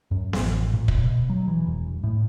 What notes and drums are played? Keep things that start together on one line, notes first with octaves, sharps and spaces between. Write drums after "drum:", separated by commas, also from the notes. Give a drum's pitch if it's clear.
F#2
A1, drum: snare B3
A#2
drum: kick
B2
F#3
E3
E1
A2